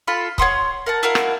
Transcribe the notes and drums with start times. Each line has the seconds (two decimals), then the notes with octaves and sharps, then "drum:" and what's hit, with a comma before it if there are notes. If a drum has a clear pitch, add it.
0.08 F4 A4 B5
0.38 C#5 F#5 C6 D#6, drum: kick
0.86 A#4 F#5 A5
1.03 E4 F#4 A#4 F5
1.15 drum: rim click